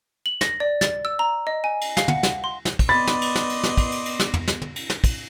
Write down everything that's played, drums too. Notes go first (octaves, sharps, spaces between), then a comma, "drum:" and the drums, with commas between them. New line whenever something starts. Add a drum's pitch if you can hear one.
F#7
A#6, drum: snare
D5
A6, drum: snare
E6
A#5
D#5
G#5
drum: cymbal
F5, drum: snare
F#5, drum: tom
drum: snare
C6
drum: snare
drum: kick, cymbal
B3 D5 D#5 B5 C6 A6
drum: snare
drum: cymbal
drum: snare
drum: cymbal
drum: snare
drum: kick, cymbal
drum: cymbal
drum: cymbal
drum: snare
drum: tom
drum: snare
drum: tom
drum: cymbal
drum: snare
drum: kick, cymbal